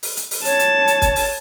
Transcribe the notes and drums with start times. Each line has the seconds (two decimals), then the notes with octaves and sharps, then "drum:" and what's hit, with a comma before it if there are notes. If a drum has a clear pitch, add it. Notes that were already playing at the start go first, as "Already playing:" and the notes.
0.03 drum: open hi-hat
0.17 drum: hi-hat
0.31 drum: open hi-hat
0.45 C#5 A5, drum: hi-hat
0.59 drum: hi-hat
0.87 drum: hi-hat
1.02 drum: kick, hi-hat
1.16 drum: open hi-hat